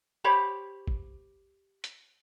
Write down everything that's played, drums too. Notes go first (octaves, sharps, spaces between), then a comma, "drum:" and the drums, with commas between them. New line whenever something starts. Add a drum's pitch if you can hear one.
G4 C5 C#5 B5
drum: kick G#1
drum: hi-hat